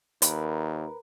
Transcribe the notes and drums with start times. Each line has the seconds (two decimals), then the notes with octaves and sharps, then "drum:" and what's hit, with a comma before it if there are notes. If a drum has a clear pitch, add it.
0.22 D#2 A#4 B4, drum: hi-hat